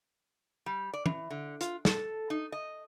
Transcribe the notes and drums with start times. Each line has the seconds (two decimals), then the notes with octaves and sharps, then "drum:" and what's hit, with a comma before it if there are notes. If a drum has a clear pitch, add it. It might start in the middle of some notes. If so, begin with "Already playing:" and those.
0.66 G3
0.94 D5
1.06 E3, drum: tom
1.30 D3
1.61 F4, drum: hi-hat
1.85 A4, drum: snare
2.30 D#4
2.52 D#5